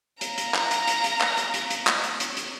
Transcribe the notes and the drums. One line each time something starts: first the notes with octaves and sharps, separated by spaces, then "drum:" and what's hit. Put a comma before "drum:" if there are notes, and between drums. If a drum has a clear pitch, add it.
F5 A#5, drum: hi-hat
drum: hi-hat
drum: clap
drum: hi-hat
drum: hi-hat
drum: hi-hat
drum: clap
drum: hi-hat
drum: hi-hat
drum: hi-hat
drum: clap
drum: hi-hat
drum: hi-hat
drum: hi-hat